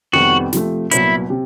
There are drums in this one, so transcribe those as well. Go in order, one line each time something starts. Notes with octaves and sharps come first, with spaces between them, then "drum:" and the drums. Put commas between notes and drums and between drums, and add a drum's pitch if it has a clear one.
F2 C3 D#3 G3 B3 F#4
C3 F3 A3, drum: snare
C2 A#2 F#3 B3 E4, drum: hi-hat
C3